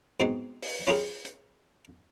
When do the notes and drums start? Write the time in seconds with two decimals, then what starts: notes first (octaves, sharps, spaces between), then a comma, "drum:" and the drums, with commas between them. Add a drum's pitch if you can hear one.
0.20 G#2 B2 G#3 C4 D#4
0.62 drum: open hi-hat
0.87 C#4 E4 F4 G4 G#4 A#4
1.25 drum: hi-hat